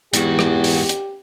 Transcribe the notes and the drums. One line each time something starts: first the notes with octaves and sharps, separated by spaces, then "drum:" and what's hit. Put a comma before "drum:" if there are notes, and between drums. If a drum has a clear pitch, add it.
E2 G#2 F#4 G4, drum: hi-hat
drum: rim click
drum: open hi-hat
drum: hi-hat